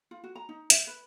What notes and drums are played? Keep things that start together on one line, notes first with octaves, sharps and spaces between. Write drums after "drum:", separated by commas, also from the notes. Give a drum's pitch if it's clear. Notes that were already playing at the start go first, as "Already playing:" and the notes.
F4
F#4
A#5
D#4
E5, drum: hi-hat
B4